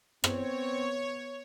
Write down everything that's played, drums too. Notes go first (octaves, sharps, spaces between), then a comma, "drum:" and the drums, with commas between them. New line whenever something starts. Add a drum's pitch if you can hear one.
B3 C4 C#5, drum: rim click